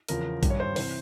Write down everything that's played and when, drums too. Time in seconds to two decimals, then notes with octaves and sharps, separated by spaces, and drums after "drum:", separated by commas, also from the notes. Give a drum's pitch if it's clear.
0.08 E2 C#3 F3 A#4, drum: hi-hat
0.43 G#1 G2 G3, drum: kick A#1, hi-hat
0.50 C#5
0.60 C5
0.76 C3 E3 C5, drum: open hi-hat